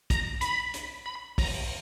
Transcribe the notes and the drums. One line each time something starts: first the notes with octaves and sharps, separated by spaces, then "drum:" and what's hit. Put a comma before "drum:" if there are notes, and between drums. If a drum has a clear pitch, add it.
A#5, drum: kick, hi-hat
B5, drum: hi-hat
drum: hi-hat
B5
A#5, drum: kick, open hi-hat